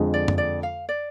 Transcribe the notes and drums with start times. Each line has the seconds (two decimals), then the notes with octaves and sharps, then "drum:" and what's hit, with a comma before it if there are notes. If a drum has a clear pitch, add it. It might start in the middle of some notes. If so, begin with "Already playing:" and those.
Already playing: F2 D3 G#3
0.14 D5
0.28 drum: tom F#2
0.38 D5
0.63 F5
0.89 D5